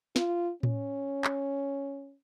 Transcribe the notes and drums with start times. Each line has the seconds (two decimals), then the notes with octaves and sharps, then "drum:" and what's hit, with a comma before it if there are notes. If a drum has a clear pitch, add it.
0.16 F4, drum: snare
0.63 C#4, drum: tom A2
1.24 drum: clap